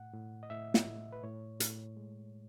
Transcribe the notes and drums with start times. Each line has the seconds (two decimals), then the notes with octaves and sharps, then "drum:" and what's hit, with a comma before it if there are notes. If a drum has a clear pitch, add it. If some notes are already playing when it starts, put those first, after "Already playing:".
Already playing: A2 F#5
0.13 A2
0.43 D#5
0.50 A2 E5
0.74 drum: snare
0.87 A2
1.12 B4
1.23 A2 C#5
1.60 A2, drum: hi-hat
1.97 G#3